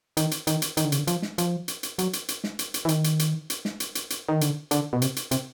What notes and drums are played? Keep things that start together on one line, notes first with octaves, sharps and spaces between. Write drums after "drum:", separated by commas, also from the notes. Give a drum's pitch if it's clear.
D#3, drum: hi-hat
drum: hi-hat
D#3, drum: hi-hat
drum: hi-hat
D#3, drum: hi-hat
D3
C#3, drum: hi-hat
D3
F3, drum: hi-hat
drum: snare
F3, drum: hi-hat
drum: hi-hat
drum: hi-hat
F#3, drum: hi-hat
drum: hi-hat
drum: hi-hat
drum: snare
drum: hi-hat
drum: hi-hat
E3
D#3, drum: hi-hat
drum: hi-hat
drum: hi-hat
drum: hi-hat
drum: snare
drum: hi-hat
drum: hi-hat
drum: hi-hat
D#3
D3, drum: hi-hat
D3, drum: hi-hat
B2
C3, drum: hi-hat
drum: hi-hat
C3, drum: hi-hat